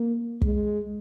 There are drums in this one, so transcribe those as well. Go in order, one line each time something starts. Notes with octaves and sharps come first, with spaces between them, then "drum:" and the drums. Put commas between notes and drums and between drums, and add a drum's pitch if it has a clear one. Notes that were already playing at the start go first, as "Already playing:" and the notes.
Already playing: A#3
G#3, drum: kick